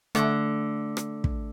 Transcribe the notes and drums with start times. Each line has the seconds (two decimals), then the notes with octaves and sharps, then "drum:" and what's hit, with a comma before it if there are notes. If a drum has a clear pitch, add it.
0.15 D3 A3, drum: rim click
0.97 drum: rim click
1.24 drum: kick